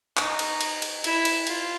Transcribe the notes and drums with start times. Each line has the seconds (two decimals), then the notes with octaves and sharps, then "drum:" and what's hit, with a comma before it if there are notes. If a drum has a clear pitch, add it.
0.17 D#4, drum: clap
0.39 drum: cymbal
0.61 drum: cymbal
0.82 drum: cymbal
1.04 E4, drum: cymbal
1.25 drum: cymbal
1.47 F4, drum: cymbal